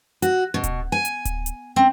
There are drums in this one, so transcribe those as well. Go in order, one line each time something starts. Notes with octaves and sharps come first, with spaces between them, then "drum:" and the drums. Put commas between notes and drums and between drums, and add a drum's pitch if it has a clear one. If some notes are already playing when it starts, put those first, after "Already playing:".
F#4, drum: hi-hat
B2
drum: kick D1, hi-hat
G#5
drum: hi-hat
drum: kick D1, hi-hat
drum: hi-hat
C4